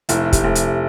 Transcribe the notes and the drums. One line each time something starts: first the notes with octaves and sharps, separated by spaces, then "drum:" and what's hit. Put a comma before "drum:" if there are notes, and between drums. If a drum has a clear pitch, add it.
F1 E4, drum: hi-hat
G4, drum: kick, hi-hat
F1
drum: hi-hat